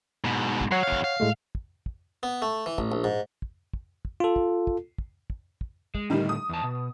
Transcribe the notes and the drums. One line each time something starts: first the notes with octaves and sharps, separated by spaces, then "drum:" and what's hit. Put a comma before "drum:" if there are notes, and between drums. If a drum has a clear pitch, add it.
G#2 B2
drum: kick
F#3 C#5 F#5 C7
E2 F5
drum: kick
F5
A2 G#3 A3
drum: kick
drum: kick
B3
A3
E3
A1, drum: kick
A#1
G#2
drum: kick
drum: kick
drum: kick
F4 A4
drum: kick
drum: kick
drum: kick
drum: kick
drum: kick
G#3, drum: kick
A2 D3 D#3 G3 D#4
D#6
E2 A5
B2